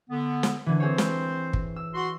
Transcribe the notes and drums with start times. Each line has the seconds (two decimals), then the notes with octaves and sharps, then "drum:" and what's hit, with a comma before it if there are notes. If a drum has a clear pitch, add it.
0.10 D3 B3
0.43 drum: snare
0.66 D3 E3
0.80 C4 G#4 C5 C#5
0.98 drum: snare
1.53 drum: kick
1.76 E6
1.95 F#4 C6